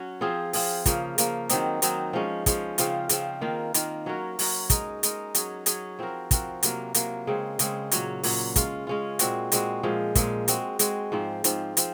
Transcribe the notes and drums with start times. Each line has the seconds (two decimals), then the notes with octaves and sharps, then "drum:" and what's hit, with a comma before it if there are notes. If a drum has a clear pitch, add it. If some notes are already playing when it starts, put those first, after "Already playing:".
Already playing: F#3 C#4 F#4
0.21 F3 C4 F4 G#4
0.53 F3 C4 F4 G#4, drum: open hi-hat
0.86 C#3 F3 A#3, drum: kick, hi-hat
1.18 C#3 F3 A#3, drum: hi-hat
1.49 D#3 F#3 C4 D#4, drum: hi-hat
1.82 D#3 F#3 C4 D#4, drum: hi-hat
2.13 F3 G#3 C#4
2.46 F3 G#3 C#4, drum: kick, hi-hat
2.78 C#3 F3 C4 F4, drum: hi-hat
3.09 C#3 F3 C4 F4, drum: hi-hat
3.41 D#3 A#3 F4
3.74 D#3 A#3 F4, drum: hi-hat
4.06 F#3 C#4 F#4 A#4
4.39 F#3 C#4 F#4 A#4, drum: open hi-hat
4.70 G#3 D#4 A#4, drum: kick, hi-hat
5.03 G#3 D#4 A#4, drum: hi-hat
5.35 F#3 C#4 G#4, drum: hi-hat
5.66 F#3 C#4 G#4, drum: hi-hat
5.99 F3 C4 F#4 A#4
6.31 F3 C4 F#4 A#4, drum: kick, hi-hat
6.63 C3 F#3 A#3 F4, drum: hi-hat
6.94 C3 F#3 A#3 F4, drum: hi-hat
7.27 C#3 G#3 C4
7.59 C#3 G#3 C4, drum: hi-hat
7.91 A#2 F#3 C#4, drum: hi-hat
8.23 A#2 F#3 C#4, drum: open hi-hat
8.56 G#3 C#4 F4, drum: kick, hi-hat
8.87 G#3 C#4 F4
9.19 A#2 G#3 C4 F#4, drum: hi-hat
9.52 A#2 G#3 C4 F#4, drum: hi-hat
9.83 A#2 F3 G#3
10.15 A#2 F3 G#3, drum: kick, hi-hat
10.48 G#3 C4 F#4, drum: hi-hat
10.79 G#3 C4 F#4, drum: hi-hat
11.12 G#2 F3 C4
11.44 G#2 F3 C4, drum: hi-hat
11.77 F3 C4, drum: hi-hat